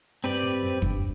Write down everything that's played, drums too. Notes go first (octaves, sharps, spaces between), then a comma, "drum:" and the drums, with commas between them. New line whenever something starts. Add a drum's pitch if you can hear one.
G2 C4 G4 B4 D5
A2
F#2
G2, drum: kick